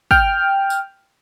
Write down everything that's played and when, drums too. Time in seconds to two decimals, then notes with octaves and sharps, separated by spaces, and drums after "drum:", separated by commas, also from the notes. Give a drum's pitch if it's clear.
0.11 G5 F6, drum: kick
0.70 drum: tambourine